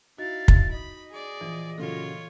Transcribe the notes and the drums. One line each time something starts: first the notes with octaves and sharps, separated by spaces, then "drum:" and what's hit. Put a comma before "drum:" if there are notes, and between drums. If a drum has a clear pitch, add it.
D#4 E4 F#4 F5 A6
drum: kick
D#5 B5
G#4 D5
A#1 E3
A#2 C#3 F#3 F4 A4 C#5